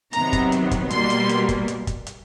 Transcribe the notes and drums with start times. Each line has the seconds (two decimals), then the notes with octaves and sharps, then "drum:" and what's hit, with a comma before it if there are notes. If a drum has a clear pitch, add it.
0.13 C3 D#3 F#3 B3 A#5, drum: hi-hat
0.33 drum: kick, hi-hat
0.52 drum: hi-hat
0.71 drum: kick, hi-hat
0.90 B2 G3 A#3 C6, drum: hi-hat
1.10 drum: hi-hat
1.29 drum: hi-hat
1.49 drum: kick, hi-hat
1.68 drum: hi-hat
1.87 drum: kick, hi-hat
2.07 drum: hi-hat